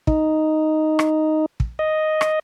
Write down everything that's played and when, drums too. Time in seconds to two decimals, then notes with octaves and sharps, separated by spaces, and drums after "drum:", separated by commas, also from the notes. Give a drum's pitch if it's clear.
0.07 D#4, drum: kick
0.99 drum: rim click
1.60 drum: kick
1.79 D#5
2.21 drum: rim click